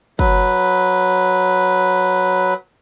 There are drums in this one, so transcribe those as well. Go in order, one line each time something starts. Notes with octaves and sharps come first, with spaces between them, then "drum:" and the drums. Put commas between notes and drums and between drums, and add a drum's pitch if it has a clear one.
F#3 B4, drum: kick